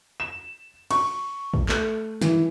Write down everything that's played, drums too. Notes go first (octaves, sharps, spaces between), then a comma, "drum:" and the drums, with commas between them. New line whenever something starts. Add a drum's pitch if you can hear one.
E7
C#6, drum: cymbal
drum: kick
A3, drum: clap
E3, drum: snare